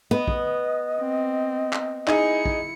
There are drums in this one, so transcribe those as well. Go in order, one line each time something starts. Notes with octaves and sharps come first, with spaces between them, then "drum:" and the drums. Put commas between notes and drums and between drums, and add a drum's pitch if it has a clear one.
B3 D#5
drum: kick
C4
drum: clap
D#4 E4 G#4 C#7, drum: clap
drum: kick